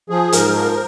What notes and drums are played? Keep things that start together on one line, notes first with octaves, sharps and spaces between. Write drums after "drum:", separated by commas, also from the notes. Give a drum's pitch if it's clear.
F3 G#4
G#2 A#4, drum: hi-hat
F3 A#4
A#4